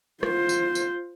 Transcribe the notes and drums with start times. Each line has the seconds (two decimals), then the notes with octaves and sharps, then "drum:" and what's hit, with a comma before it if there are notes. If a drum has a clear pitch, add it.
0.23 F4 C5, drum: rim click
0.49 drum: tambourine
0.75 drum: tambourine